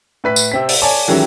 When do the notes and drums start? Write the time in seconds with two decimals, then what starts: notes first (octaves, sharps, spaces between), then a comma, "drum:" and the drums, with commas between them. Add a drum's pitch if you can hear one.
0.24 A2 B4 B6
0.36 drum: tambourine
0.52 C3 C4 B6
0.69 drum: open hi-hat
0.82 C#5 D5 G#5 A5
1.08 D#3 E3 F#3 G#3 C#4 G4